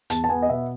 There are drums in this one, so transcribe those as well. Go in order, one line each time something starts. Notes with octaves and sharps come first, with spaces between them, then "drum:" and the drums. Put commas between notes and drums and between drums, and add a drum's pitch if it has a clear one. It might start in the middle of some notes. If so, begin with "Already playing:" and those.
E2 A5, drum: hi-hat
A5
B3 G#5
D#5
B2 E5